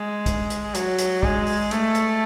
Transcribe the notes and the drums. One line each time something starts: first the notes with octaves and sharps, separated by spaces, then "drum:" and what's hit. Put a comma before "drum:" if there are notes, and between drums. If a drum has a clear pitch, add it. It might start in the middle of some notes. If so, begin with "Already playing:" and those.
Already playing: G#3
drum: kick, hi-hat
drum: hi-hat
F#3, drum: hi-hat
drum: hi-hat
G#3, drum: kick
drum: open hi-hat
A3, drum: hi-hat
drum: hi-hat